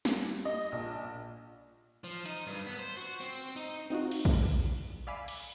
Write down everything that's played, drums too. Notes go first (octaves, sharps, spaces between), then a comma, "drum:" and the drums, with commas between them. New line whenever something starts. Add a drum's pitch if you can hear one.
G3, drum: snare
drum: tambourine
D#5
A#1
F3
D#4, drum: hi-hat
G2
B3
C5
F#4
C4
D#4
C4 D#4 F4 F#4
drum: cymbal
drum: kick
D5 E5 F5 G#5 B5 D6
drum: cymbal